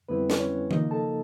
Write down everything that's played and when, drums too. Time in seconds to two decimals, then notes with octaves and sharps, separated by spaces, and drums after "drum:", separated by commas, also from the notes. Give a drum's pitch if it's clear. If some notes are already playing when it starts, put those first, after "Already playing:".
0.09 F2 D3 G3 B3 C4 E4 B4
0.30 drum: snare
0.40 C#4 C#5
0.71 C#3 F3 A#3 D#4 D#5, drum: tom D#3
0.91 A4 A5